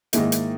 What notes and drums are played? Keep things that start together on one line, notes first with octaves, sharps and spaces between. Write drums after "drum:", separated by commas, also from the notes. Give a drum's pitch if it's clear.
G#2 D#3 A#3 E4, drum: hi-hat
drum: hi-hat